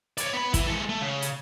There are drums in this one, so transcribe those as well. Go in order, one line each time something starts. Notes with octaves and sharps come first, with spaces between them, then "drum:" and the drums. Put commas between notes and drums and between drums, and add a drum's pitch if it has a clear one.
C#5 D5, drum: hi-hat
B3 B5
E3 E4, drum: kick, hi-hat
G#3 A4
A3
C#3
drum: hi-hat